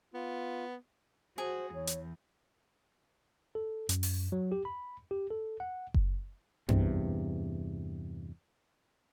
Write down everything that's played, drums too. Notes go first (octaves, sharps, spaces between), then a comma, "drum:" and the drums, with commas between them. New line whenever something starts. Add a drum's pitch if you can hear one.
B3 F4
F#4 G#4 C5
E2 C#5
drum: hi-hat
A4
F#2, drum: hi-hat
drum: open hi-hat
F#3
G4
B5
G4
A4
F#5
drum: kick F#1
E2 G2 C3, drum: tom F#2